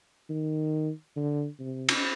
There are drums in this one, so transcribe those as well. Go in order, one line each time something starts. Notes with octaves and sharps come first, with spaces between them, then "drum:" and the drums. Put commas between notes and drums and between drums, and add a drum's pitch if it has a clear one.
D#3
D3
C3
drum: cymbal